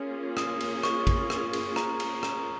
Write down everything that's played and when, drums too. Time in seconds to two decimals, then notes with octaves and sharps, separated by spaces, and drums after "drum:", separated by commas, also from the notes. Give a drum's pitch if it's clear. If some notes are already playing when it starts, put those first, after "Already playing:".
Already playing: A#3 C#4 F4 G#4
0.37 D#6, drum: rim click
0.60 drum: cymbal
0.83 C#6, drum: rim click
1.07 drum: kick A1, cymbal
1.30 drum: rim click
1.53 drum: cymbal
1.76 A#5, drum: rim click
2.00 drum: cymbal
2.23 A#5, drum: rim click